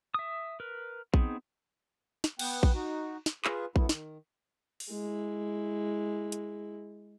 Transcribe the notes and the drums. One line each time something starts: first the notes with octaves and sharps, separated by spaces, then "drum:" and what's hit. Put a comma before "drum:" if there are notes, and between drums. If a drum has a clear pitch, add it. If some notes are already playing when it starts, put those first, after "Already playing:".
E5 D#6
A#4 B4
B3 C4 D#4 G#4, drum: kick A#1
drum: snare
B3 F#5 G5, drum: cymbal
drum: kick A#1
D#4 F#4
drum: snare
F4 G#4 B4, drum: clap
F#2 A3 B3 E4, drum: kick A#1
D#3, drum: snare
drum: open hi-hat
G#3 E4
drum: hi-hat